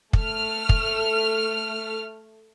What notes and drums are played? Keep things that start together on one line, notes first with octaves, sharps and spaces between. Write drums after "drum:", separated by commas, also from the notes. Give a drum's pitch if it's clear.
A3 F6, drum: kick
drum: kick